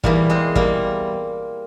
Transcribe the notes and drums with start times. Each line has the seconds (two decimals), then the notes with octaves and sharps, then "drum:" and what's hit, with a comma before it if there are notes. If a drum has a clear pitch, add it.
0.04 E2 E3 G3 A#3, drum: kick
0.30 G#3 C4
0.55 G3 A#3, drum: kick